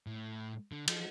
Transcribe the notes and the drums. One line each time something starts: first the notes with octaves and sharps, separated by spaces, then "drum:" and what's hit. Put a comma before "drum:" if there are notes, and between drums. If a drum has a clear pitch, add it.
A2
D3
F3, drum: cymbal